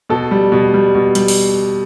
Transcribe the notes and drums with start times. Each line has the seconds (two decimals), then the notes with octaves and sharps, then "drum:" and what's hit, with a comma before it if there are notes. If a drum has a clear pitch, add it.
0.09 B2 A4
0.31 G3
0.52 B2
0.74 G3
0.95 B2
1.15 G3, drum: hi-hat
1.28 drum: open hi-hat